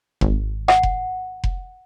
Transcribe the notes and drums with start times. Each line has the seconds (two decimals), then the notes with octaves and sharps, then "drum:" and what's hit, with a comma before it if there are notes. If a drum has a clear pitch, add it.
0.21 G#1, drum: kick F1
0.68 F#5, drum: rim click
0.83 drum: kick F1
1.44 drum: kick F1